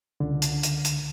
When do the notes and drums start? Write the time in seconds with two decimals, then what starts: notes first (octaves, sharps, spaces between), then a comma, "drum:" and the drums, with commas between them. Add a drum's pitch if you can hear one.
0.20 C#2 D3
0.42 drum: hi-hat
0.63 drum: hi-hat
0.84 drum: hi-hat